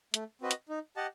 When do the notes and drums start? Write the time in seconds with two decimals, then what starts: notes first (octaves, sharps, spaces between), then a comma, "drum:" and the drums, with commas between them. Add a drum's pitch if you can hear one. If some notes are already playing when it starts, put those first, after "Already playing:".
0.14 A3, drum: hi-hat
0.42 C4 F#4 B4 D#5
0.51 drum: hi-hat
0.69 D#4
0.96 G4 D#5 F#5 A5